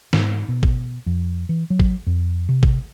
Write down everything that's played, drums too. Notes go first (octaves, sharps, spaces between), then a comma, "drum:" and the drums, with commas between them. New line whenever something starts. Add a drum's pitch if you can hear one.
G#2, drum: snare
B2
drum: kick G#1
F2
E3
F#3
drum: kick G#1
F2
C3
drum: kick G#1